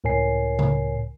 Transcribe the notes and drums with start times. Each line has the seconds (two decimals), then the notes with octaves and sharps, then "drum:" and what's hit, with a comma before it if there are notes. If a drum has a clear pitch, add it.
0.04 C#2 A2 A#4 C#5 G#5 C7
0.59 drum: tom C#3